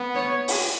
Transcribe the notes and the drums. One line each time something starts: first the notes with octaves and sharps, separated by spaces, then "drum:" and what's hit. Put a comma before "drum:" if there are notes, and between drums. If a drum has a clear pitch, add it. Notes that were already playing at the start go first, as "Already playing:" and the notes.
Already playing: B3
C#5
drum: open hi-hat